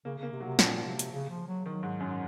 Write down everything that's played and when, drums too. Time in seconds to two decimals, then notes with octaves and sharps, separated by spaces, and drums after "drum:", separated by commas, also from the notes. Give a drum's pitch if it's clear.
0.05 C#3 A#3
0.18 C#3 A#3
0.32 C3
0.40 F#3
0.45 C3
0.59 A#2 F3, drum: snare
0.85 C3
0.99 drum: hi-hat
1.11 C#3
1.30 F3
1.47 F#3
1.66 D#3 F#3
1.83 G#2
2.00 F#2